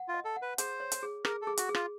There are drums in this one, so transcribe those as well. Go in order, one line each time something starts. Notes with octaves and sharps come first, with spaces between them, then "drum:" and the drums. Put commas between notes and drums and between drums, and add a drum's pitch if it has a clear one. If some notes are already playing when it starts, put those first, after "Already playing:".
Already playing: F#5
F4
D#5
A4
F#5
B4
G#4 C5, drum: hi-hat
C#5
drum: hi-hat
G#4
G#4 A#4, drum: rim click
A4
G#4
F#4, drum: hi-hat
G#4
F4, drum: rim click